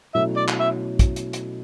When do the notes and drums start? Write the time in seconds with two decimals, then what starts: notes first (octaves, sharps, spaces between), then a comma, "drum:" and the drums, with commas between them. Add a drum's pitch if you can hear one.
0.15 B2 F#3 A3 C#4 E4 E5
0.37 D5
0.48 drum: clap
0.60 E5
0.99 drum: kick, hi-hat
1.16 drum: hi-hat
1.33 drum: hi-hat